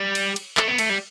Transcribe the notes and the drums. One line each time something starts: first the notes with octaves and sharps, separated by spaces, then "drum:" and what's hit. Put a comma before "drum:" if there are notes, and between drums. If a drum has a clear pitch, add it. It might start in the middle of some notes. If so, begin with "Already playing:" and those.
Already playing: G3
drum: cymbal
drum: cymbal
A3, drum: clap
B3
A3, drum: cymbal
G3